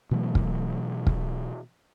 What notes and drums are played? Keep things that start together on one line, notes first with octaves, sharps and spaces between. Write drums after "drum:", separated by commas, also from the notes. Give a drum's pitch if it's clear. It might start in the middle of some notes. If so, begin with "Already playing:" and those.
B2 E3 F#3 A3
drum: kick
drum: kick